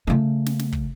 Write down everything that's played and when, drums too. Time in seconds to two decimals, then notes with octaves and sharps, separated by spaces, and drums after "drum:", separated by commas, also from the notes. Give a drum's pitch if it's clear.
0.07 C#3 A3
0.46 drum: snare
0.59 drum: snare
0.72 drum: kick